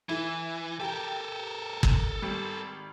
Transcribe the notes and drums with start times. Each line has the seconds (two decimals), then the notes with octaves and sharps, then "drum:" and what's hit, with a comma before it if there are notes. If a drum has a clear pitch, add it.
0.09 E3 E4
0.80 G4 A4 A#4 G5
1.83 drum: kick
2.22 G#1 G3